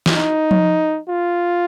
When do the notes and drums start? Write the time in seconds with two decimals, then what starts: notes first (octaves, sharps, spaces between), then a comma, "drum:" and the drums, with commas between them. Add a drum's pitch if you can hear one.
0.06 drum: snare
0.16 D#4
0.51 drum: tom F3
1.08 F4